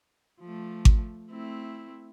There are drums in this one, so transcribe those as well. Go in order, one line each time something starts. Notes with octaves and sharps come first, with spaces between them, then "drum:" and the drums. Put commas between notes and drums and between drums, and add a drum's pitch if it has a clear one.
F3 A3
drum: kick G#1
A3 C4 E4